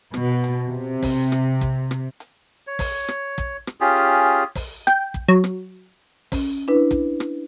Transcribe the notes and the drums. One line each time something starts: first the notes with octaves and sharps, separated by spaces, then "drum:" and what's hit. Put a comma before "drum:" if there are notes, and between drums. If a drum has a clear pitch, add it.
B2, drum: rim click
drum: hi-hat
C3
drum: kick, open hi-hat
drum: rim click
drum: kick, hi-hat
drum: rim click
drum: hi-hat
C#5
drum: kick, open hi-hat
drum: rim click
drum: kick, hi-hat
drum: rim click
C#4 F4 G4 G#4
drum: hi-hat
drum: kick, open hi-hat
G5, drum: rim click
drum: kick
F#3
drum: rim click
C#4, drum: kick, open hi-hat
D4 E4 B4
drum: kick, hi-hat
drum: rim click